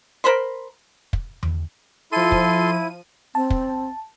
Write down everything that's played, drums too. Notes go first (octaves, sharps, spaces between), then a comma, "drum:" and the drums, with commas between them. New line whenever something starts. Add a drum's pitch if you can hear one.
A#4 C5 B5 C6
drum: kick
drum: tom E2
F3 E4 A4 C6 D#7
drum: kick
C4 A5
drum: kick